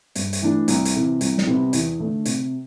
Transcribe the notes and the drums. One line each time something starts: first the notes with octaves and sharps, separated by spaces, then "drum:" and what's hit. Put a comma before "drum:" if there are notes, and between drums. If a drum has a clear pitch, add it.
G2, drum: hi-hat
drum: hi-hat
E3 A3 D4
C2, drum: hi-hat
drum: hi-hat
C3 E3
C2, drum: hi-hat
drum: snare
C3 G3 B3
E2, drum: hi-hat
D3 A3 D4
C3, drum: hi-hat